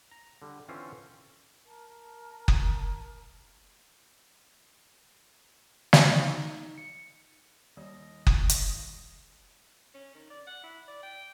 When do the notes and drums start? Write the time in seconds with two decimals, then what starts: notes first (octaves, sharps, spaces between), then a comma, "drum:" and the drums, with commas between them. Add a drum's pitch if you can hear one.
0.11 A#5
0.42 D3 G3
0.68 D3 E3 C4 C#4 F4 C5
1.66 A#4 A5
2.48 drum: kick F#1
5.93 drum: snare
6.15 D#4
6.78 C#7
7.77 D#2 G3 D#5
8.27 drum: kick F#1
8.49 drum: hi-hat
9.94 C#4
10.15 D#3
10.30 D5
10.47 F#5
10.63 E4
10.88 D5
11.03 G5